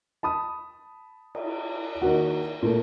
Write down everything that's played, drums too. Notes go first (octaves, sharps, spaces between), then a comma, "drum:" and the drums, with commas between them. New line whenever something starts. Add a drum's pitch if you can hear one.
A5 B5 D#6
drum: cymbal
D#3 A#3 F#4
A#2 A3